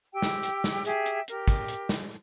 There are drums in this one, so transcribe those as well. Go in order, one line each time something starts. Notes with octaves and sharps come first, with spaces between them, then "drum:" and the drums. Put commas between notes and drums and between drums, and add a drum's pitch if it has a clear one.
G4 G5 E6
drum: snare
drum: hi-hat
drum: snare
G4 G#4 E5 G5, drum: hi-hat
drum: hi-hat
G4 A#4, drum: hi-hat
drum: kick, hi-hat
drum: hi-hat
drum: snare